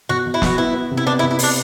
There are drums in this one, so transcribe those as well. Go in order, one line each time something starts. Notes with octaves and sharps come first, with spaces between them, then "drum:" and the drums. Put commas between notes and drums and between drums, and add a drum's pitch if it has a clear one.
B2 F#4
B2
E4
B2 F#4, drum: snare
B3 E4
B3
C3
E4
B3 D4
E4
C3
E4
B3 D4, drum: open hi-hat